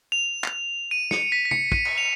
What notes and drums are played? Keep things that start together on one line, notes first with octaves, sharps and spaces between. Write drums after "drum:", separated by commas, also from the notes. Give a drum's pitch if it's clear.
F7
drum: clap
D#7
C#7, drum: snare
B6
B6
C#7, drum: tom
D#7, drum: kick
drum: cymbal
F7